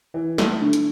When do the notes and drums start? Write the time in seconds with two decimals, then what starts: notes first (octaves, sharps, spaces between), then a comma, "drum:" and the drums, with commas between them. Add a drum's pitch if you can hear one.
0.14 E3
0.38 A3, drum: snare
0.61 D3
0.73 drum: hi-hat